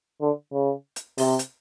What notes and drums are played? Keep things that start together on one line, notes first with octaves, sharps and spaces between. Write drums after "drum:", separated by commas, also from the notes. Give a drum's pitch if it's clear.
D3
C#3
drum: hi-hat
C3, drum: open hi-hat
drum: hi-hat